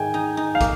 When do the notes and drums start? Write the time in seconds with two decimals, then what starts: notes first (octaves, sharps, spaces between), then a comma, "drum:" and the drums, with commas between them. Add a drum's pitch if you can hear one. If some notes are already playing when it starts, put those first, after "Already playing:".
Already playing: G#2 D#3 G5 G#5
0.14 D#4
0.37 D#4
0.55 F5
0.61 A#3, drum: kick, hi-hat